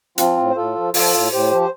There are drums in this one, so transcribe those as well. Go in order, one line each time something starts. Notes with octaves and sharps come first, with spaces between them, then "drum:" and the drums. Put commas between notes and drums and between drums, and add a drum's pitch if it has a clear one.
F3 C4 F4, drum: hi-hat
A2
C5
A2 F4 A4
F3
F3 F4 A4, drum: open hi-hat
A2
A2 G4 C5
F3
C5